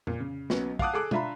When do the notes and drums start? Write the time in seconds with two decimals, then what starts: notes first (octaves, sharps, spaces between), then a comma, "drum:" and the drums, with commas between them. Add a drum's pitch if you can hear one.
0.07 A#2, drum: tom F2
0.20 C#3
0.50 B1 F#3 B3 C#4, drum: snare
0.79 F5 F#5 A5 D6 D#6 F#6, drum: kick
0.93 G#4 A4 D6 F#6
1.11 D4 F4 E5 A#5 B5, drum: tom B2